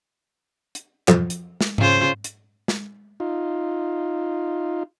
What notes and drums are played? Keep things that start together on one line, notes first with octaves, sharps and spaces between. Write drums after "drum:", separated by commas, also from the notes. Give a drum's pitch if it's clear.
drum: hi-hat
F2, drum: clap
drum: hi-hat
drum: snare
C#3 F4 C5, drum: tom G#2
drum: hi-hat
drum: snare
D#4 F4